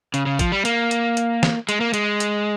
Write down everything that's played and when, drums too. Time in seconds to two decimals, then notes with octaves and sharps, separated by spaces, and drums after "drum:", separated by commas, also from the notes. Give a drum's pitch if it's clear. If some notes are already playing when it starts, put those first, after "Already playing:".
0.14 C#3, drum: hi-hat
0.26 C#3
0.39 F3, drum: kick, hi-hat
0.52 G3
0.65 A#3, drum: hi-hat
0.91 drum: hi-hat
1.17 drum: hi-hat
1.43 drum: snare
1.69 G#3, drum: hi-hat
1.81 A#3
1.94 G#3, drum: hi-hat
2.20 drum: hi-hat